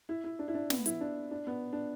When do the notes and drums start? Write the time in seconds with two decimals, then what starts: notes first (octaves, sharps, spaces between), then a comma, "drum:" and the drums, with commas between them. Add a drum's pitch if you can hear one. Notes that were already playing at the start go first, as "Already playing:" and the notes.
0.09 E4
0.24 E4
0.39 D4
0.48 E4
0.54 D4
0.70 B3, drum: snare
0.86 E4, drum: hi-hat
1.01 D4
1.31 D4
1.47 B3
1.73 D4